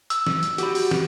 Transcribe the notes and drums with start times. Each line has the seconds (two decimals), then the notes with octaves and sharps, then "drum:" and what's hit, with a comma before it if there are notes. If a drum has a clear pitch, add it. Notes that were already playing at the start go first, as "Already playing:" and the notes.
0.10 E6, drum: hi-hat
0.27 drum: snare
0.43 drum: hi-hat
0.58 F#4 G4 B5, drum: hi-hat
0.75 drum: open hi-hat
0.91 drum: snare